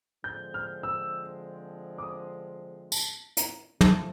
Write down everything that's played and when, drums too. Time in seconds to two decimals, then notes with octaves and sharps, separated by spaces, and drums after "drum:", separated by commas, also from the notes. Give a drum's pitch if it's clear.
0.24 D3 F3 G#3 C4 G6
0.54 F6
0.83 E6
1.98 D6
2.02 D#6
2.92 A5, drum: tambourine
3.37 A#5, drum: hi-hat
3.81 C3 F3 A3 A5, drum: tom